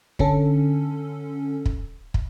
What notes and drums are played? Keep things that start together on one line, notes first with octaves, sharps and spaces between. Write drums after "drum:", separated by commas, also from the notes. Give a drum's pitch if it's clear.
D3 C#4 A4, drum: kick
drum: kick
drum: kick